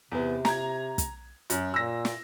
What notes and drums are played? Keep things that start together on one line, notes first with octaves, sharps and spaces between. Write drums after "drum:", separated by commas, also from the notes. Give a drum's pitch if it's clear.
E2 C3 B3
A#5 G#6, drum: snare
drum: kick, hi-hat
F#2, drum: hi-hat
A#2 E6 A#6
drum: snare